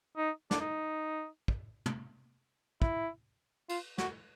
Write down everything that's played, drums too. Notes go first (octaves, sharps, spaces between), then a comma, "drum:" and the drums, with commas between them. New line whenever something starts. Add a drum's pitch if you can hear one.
D#4
D4, drum: snare
D#4
drum: kick
drum: tom
E4, drum: kick
F4, drum: cymbal
F#4, drum: snare